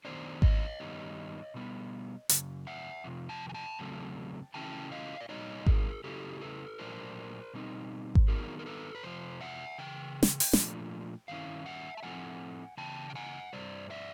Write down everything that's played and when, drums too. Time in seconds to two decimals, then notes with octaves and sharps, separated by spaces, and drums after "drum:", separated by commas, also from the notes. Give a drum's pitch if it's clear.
0.05 D#3 G3 B3 D4 C5 D5
0.42 C#5 D#5, drum: kick G#1
0.80 G2 D#3 G3 B3
1.54 B2 G3 B3
2.29 F#2 C#3, drum: hi-hat
2.67 E5 F#5
3.04 F2 C3 F3
3.29 G5 A5
3.49 G#5
3.54 G5 A5
3.79 E2 C#3 F#3 A3 C4
4.54 C#3 E3 A3 C#4 E4 G5 A5
4.92 D#5 F5
5.21 D5
5.29 A#2 G3 B3 D#4 C#5 D#5
5.66 G#4 A#4, drum: kick G#1
6.04 C#3 F#3 A3 C#4 E4 G4 A4
6.41 A4 B4
6.79 A#2 F#3 A3 D4 A#4 C5
7.54 B2 G3 C4 D#4
8.15 drum: kick G#1
8.28 D#3 F#3 B3 D#4 G#4 A#4
8.59 A#4
8.66 A4 B4
8.95 B4
9.03 F2 C3 F3 C5
9.41 E5 F#5
9.78 C#3 E3 G5
10.23 drum: snare
10.40 drum: open hi-hat
10.53 A#2 F3 A3 D4, drum: snare
11.28 G2 D#3 C#4 E4 F5
11.66 E5 F#5
11.97 A5
12.03 A2 F3 A3 C4 F#5 G#5
12.78 C#3 E3 G5 A5
13.10 G5
13.15 F#5 G#5
13.53 G2 D#3 G3 C5 D5
13.90 D5 E5